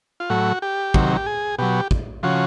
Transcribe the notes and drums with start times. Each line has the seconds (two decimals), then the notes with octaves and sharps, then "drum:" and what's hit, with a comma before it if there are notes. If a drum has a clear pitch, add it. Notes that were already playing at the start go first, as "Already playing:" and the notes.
0.20 F4
0.30 A2 F#3 F#4
0.62 G4
0.94 C3 D#3 F#3, drum: kick
1.17 G4
1.26 G#4
1.58 B2 F#3 G4
1.91 drum: kick
2.23 C#3 F3 F#4